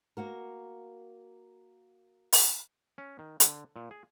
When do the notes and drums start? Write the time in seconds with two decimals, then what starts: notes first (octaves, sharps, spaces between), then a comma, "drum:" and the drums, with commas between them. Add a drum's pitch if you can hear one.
0.17 A#3 F#4 A#4
2.33 drum: open hi-hat
2.98 C#4
3.19 D#3
3.40 D3, drum: hi-hat
3.76 A#2
3.91 G#4